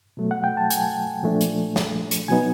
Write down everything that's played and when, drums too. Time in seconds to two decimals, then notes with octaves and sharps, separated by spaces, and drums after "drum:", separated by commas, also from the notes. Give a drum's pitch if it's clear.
0.17 B2 F#3 A3
0.31 F#5
0.44 G5
0.57 A5
0.70 G#5, drum: hi-hat
1.23 A#2 F3 A3 D4
1.41 drum: hi-hat
1.76 drum: snare
2.11 drum: hi-hat
2.28 B2 F#3 B3 D#4 G#5